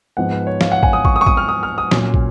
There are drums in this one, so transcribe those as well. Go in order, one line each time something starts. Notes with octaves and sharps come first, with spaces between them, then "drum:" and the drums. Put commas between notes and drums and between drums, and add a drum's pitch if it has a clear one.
G#2 F3 G#3 B3 F#5
B4
C#5
F5, drum: snare
F#5
G#5, drum: kick
D#6
C#6, drum: kick
D#6
C#6
D#6, drum: kick
F6
D#6
F6
D#6
A#2 F#3 C#4, drum: snare
drum: kick